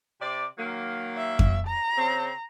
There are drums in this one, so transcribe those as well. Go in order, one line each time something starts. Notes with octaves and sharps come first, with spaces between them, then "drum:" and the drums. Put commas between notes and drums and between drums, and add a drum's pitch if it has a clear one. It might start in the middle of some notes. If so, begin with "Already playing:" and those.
C3 D5
D#3 F#3 A#3
E5
drum: kick F2
A#5
C#3 C4